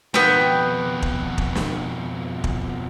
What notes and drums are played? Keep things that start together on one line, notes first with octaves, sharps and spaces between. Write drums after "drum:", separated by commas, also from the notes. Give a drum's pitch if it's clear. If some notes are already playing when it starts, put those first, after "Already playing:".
F2 B2 B3 G5, drum: snare
drum: kick
drum: kick
drum: snare
drum: kick